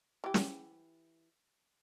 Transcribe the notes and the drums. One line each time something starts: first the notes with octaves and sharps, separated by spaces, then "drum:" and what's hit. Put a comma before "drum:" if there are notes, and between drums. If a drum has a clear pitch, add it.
E3 G4
drum: snare